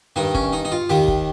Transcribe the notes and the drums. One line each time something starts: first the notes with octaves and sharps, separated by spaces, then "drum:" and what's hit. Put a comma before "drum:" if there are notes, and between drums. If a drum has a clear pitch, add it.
G2 D#3 D#4
C#4, drum: kick
D#4
D#4
F4
D#2 D#3 G4
drum: kick